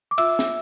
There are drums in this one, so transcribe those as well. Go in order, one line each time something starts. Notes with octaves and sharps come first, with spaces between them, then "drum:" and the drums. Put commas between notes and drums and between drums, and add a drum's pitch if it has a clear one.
D6
F4 E5 E6, drum: cymbal
drum: snare